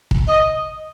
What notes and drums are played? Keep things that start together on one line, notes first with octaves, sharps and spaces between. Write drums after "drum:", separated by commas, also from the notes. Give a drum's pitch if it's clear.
drum: kick
D#5